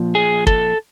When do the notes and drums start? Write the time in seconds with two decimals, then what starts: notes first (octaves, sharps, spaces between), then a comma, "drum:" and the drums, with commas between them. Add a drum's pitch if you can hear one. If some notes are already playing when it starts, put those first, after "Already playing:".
Already playing: A#2 F3
0.15 G#4
0.47 A4, drum: kick